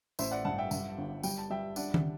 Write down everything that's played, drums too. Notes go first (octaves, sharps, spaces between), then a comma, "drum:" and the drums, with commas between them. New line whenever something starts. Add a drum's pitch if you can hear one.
A1 C5 E5, drum: tambourine
D5 F#5
G2 F#5 A5
E5 G5
G2, drum: tambourine
G1
G3 G5, drum: tambourine
A5
G3 E5 G5
D4 D5 F#5, drum: tambourine
drum: tom D#3